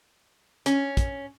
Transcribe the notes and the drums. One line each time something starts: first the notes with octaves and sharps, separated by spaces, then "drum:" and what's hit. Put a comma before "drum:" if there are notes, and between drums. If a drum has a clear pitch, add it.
C#4, drum: hi-hat
drum: kick, hi-hat